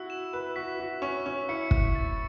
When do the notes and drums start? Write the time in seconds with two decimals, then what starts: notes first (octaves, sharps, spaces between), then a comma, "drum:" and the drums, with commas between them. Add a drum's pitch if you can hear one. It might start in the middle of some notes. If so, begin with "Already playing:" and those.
Already playing: E4 F#4 E6
0.10 E7
0.33 B4
0.56 F#4 B6
0.79 F#4
1.02 C#4 C#6
1.26 C#4
1.49 E4 C#7
1.71 drum: kick
1.95 A6